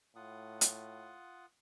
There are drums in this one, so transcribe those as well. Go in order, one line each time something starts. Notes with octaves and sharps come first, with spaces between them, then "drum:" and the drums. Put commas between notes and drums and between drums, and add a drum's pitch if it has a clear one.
A2 F4 F#5 D#6
drum: hi-hat